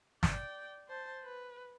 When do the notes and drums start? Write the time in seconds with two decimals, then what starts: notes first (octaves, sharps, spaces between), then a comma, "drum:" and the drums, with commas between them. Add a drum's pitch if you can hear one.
0.23 D5 G5, drum: snare
0.88 C5 A5
1.24 B4